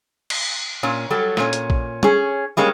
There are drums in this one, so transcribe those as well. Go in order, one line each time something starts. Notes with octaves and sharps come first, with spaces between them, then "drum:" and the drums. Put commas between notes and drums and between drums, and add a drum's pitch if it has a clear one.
drum: cymbal
A#2 C#4
F#3 G3 A4
A#2 C#4, drum: snare
drum: hi-hat
drum: kick
C#4 G#4, drum: tom
G3 G#3 A#3 C#4